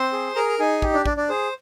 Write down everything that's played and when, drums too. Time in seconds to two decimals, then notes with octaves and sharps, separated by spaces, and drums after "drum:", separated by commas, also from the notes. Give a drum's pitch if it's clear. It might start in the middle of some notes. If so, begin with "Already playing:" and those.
Already playing: C4 C5 C6
0.13 G#4
0.35 G#4 A#4 A#5
0.49 A#5
0.59 D#4 G#4 G#5
0.82 G4, drum: kick
0.94 D4 D5
1.06 D4 D5, drum: kick
1.17 D4 D5
1.29 G#4 C5